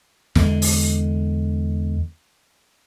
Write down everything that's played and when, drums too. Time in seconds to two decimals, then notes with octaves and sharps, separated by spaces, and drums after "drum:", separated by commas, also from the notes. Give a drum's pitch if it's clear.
0.35 E2 D3 G#3, drum: snare
0.62 drum: open hi-hat